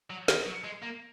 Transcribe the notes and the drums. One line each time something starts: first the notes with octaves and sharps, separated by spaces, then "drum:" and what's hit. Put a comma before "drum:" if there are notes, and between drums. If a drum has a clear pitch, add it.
F#3
D#3, drum: snare
F#3
G#3
A#3